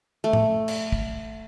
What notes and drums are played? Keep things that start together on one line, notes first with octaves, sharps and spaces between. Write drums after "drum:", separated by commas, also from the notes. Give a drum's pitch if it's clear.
A3
drum: tom A2
drum: cymbal
drum: kick